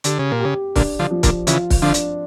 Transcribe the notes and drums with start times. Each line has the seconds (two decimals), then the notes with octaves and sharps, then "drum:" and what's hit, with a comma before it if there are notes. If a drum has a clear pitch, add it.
0.04 D3 G4, drum: hi-hat
0.19 C#3
0.32 A#2
0.40 G4
0.45 C#3
0.76 A#2 D3 D4, drum: kick, open hi-hat
0.99 D3 F3
1.11 F3
1.23 A#2 D3, drum: kick, hi-hat
1.47 C#3 E3 F4, drum: hi-hat
1.70 drum: kick, open hi-hat
1.82 D3 F3 D4
1.94 drum: hi-hat